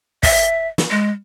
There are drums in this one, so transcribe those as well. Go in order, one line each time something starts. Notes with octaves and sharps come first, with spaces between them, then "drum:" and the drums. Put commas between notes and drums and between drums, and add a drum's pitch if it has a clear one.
E5, drum: kick, open hi-hat
drum: snare
G#3